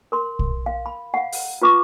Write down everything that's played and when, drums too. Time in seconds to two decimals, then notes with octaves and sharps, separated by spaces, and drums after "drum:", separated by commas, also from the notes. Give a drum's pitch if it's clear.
0.12 A#4 C6
0.39 drum: kick
0.66 F5
0.86 B5
1.14 F5 F#5
1.32 drum: open hi-hat
1.62 F4 B4 C#6 D6